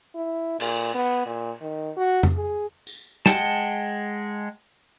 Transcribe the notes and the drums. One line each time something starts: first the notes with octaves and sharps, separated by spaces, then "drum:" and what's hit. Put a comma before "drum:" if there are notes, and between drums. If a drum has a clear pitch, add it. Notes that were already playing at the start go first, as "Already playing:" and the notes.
E4
A#2, drum: cymbal
B3
A#2
D#3
F#4
drum: tom F2
G#4
drum: tambourine
G#3 F#5 G5 A5, drum: snare